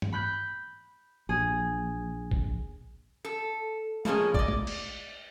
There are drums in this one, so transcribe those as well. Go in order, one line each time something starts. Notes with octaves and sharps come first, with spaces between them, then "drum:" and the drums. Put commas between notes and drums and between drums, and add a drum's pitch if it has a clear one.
drum: tom G2
B5 F#6 G6
A#1 G#4
drum: kick
A4
B2 F3 G#3 A#3 C#4 G#4, drum: tom
D5 D#5, drum: kick
drum: tom
drum: cymbal